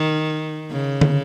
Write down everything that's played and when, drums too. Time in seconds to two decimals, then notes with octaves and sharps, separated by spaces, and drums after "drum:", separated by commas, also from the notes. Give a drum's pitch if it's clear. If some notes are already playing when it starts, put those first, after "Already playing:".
Already playing: D#3
0.72 C#3
1.01 drum: tom